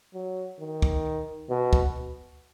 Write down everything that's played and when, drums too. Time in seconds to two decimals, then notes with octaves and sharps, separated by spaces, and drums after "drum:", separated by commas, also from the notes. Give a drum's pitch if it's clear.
0.14 F#3
0.59 D#3
0.82 drum: kick
1.50 B2
1.73 drum: kick